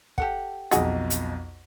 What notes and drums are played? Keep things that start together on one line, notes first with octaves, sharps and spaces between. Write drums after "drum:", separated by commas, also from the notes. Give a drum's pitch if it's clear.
G4 A4 F#5, drum: kick
B1 F2 F#4 G#4 D#5, drum: hi-hat
drum: hi-hat